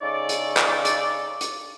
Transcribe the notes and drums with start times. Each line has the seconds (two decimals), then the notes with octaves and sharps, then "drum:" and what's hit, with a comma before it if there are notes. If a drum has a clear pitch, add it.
0.01 C#3 D#4 A4 C#5 D5
0.29 drum: hi-hat
0.57 drum: clap
0.85 drum: hi-hat
1.41 drum: hi-hat